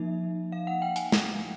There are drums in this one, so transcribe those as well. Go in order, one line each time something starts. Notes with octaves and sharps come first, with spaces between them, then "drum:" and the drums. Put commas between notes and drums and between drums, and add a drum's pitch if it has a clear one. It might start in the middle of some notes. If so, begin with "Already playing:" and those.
Already playing: F3 A#3 D#4 E5
F5
F#5
G5
G#5, drum: hi-hat
drum: snare